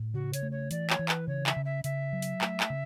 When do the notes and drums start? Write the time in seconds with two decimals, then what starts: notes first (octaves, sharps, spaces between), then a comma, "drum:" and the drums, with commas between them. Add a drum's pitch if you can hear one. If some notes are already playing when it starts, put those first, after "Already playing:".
Already playing: A2
0.14 C#3 F#4
0.33 C#5, drum: hi-hat
0.42 A3
0.51 C#5
0.71 E3 D5, drum: hi-hat
0.90 C#5, drum: clap
0.99 E3
1.09 B4, drum: clap
1.27 C#3 C#5
1.47 E5, drum: clap
1.56 C#3
1.65 E5
1.84 C#3 E5, drum: hi-hat
2.13 F#3
2.22 drum: hi-hat
2.41 A3, drum: clap
2.60 drum: clap
2.70 C#3